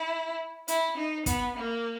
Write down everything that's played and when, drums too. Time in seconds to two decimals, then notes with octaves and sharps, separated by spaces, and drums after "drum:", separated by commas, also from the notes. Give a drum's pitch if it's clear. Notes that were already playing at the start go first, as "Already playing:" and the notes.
Already playing: E4
0.68 E4, drum: hi-hat
0.97 D#4
1.26 B3, drum: kick, hi-hat
1.56 A#3